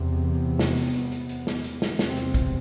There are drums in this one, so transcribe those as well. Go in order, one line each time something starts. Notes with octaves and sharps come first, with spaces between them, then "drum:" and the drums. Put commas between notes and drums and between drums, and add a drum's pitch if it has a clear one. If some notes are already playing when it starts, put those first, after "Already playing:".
Already playing: E2 C3
B3
drum: snare
drum: open hi-hat
drum: hi-hat
drum: hi-hat
drum: hi-hat
drum: snare
drum: hi-hat
drum: snare
E2 C3 C4, drum: snare
drum: hi-hat
drum: kick, hi-hat